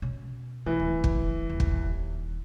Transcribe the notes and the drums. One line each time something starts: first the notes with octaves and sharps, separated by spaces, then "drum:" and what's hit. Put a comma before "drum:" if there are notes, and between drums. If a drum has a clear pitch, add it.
B2 C#4
E3 A3
D1
drum: kick
D#1
drum: kick